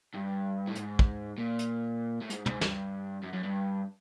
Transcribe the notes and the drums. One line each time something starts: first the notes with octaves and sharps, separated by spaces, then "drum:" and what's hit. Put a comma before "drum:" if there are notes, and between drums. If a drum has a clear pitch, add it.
G2
A2
G#2, drum: hi-hat
drum: kick
A#2
drum: hi-hat
A2
G#2, drum: hi-hat
G#2, drum: tom
G2, drum: snare
F#2
F#2
G2